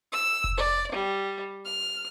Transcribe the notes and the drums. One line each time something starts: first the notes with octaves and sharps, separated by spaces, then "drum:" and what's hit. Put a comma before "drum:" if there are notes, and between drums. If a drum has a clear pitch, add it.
E6
drum: kick F1
D5
G3
F6